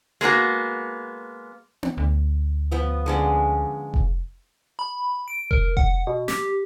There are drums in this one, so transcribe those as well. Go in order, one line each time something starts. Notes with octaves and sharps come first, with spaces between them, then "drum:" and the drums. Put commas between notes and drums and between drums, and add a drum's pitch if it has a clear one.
G#3 A#3 B3 F#4
drum: tom B3
D2
F3 B3
D3 G#3 C#4
drum: kick F1
B5
D7
A#4, drum: kick F1
F#5, drum: kick F1
B2
G4, drum: snare